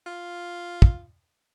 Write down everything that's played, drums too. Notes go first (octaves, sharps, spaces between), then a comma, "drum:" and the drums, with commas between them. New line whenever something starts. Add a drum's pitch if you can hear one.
F4
drum: kick